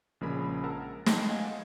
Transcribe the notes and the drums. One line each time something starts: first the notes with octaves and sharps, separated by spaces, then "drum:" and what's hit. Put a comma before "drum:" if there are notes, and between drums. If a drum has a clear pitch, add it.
A#1 C#3 G#3 G#4 A#4 B5
A#4 F#5 A5 A#5 E6
A5, drum: snare
D#5 F5 F#5 G#5